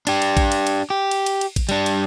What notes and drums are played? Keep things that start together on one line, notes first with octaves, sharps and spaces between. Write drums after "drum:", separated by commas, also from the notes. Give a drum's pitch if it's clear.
D4 G4, drum: cymbal
drum: cymbal
drum: kick A1, cymbal
drum: cymbal
drum: cymbal
G4
drum: cymbal
drum: cymbal
drum: cymbal
drum: kick A1, cymbal
G3 D4, drum: cymbal
drum: cymbal